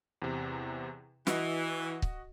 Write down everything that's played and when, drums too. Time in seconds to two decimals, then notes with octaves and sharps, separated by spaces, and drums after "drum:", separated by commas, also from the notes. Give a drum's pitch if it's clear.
0.22 E2 C3
1.27 E3 F#4 D#5, drum: snare
2.02 drum: kick C#1